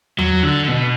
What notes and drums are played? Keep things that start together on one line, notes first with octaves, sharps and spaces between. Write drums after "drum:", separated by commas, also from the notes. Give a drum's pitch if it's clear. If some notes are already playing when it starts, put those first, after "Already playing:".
F#3, drum: tom E2
D3
D3
B2